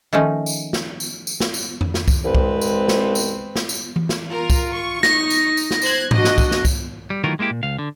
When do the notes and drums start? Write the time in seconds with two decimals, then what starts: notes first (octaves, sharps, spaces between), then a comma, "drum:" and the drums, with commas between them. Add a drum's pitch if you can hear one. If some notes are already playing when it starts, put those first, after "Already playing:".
0.13 D#3 F3 A3 C#4 D#4
0.46 drum: tambourine
0.73 drum: snare
1.00 drum: tambourine
1.27 drum: tambourine
1.40 drum: snare
1.54 drum: tambourine
1.81 drum: tom F2
1.94 drum: snare
2.08 drum: kick C2, tambourine
2.24 C2 G#3 C4 B4
2.35 drum: kick C2
2.61 drum: tambourine
2.88 drum: snare
3.15 drum: tambourine
3.56 drum: snare
3.69 drum: tambourine
3.96 drum: tom E3
4.09 drum: snare
4.30 F4 A#4
4.50 drum: kick C2, tambourine
4.73 C#6
5.03 D#4 A#6, drum: snare
5.30 drum: tambourine
5.57 drum: tambourine
5.71 drum: snare
5.82 C5 F#6 G#6, drum: tambourine
6.11 D4 F#4 D#5, drum: tom G#2
6.24 drum: snare
6.38 drum: kick C2, tambourine
6.51 drum: snare
6.65 drum: kick C2, tambourine
7.10 G3
7.24 D#3 E3 F#3 A3 F4 A#4
7.39 G#3 A#3 E4 G4
7.51 A#2
7.63 C#2 F5
7.79 D3